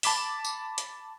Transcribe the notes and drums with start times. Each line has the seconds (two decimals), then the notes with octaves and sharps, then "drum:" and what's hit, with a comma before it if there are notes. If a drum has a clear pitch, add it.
0.03 A5 B5 D6 B6 E7, drum: open hi-hat
0.45 drum: tambourine
0.78 drum: hi-hat